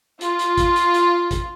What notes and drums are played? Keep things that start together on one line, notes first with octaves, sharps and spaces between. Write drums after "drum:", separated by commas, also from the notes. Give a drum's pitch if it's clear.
F4, drum: hi-hat
drum: hi-hat
drum: kick, hi-hat
drum: hi-hat
drum: hi-hat
drum: kick, hi-hat